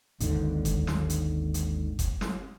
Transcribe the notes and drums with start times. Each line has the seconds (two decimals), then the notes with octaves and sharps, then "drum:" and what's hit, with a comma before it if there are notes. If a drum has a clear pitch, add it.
0.20 G#1 D#2 G#2 D3, drum: hi-hat
0.65 drum: kick F#1, hi-hat
0.87 drum: snare
1.10 drum: hi-hat
1.54 drum: hi-hat
1.99 drum: kick F#1, hi-hat
2.21 drum: snare